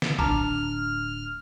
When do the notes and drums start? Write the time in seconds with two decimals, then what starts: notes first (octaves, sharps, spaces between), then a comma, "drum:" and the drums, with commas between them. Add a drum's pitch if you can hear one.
0.02 drum: snare
0.19 D1 D4 A5 A#5 D6 F6, drum: kick A#1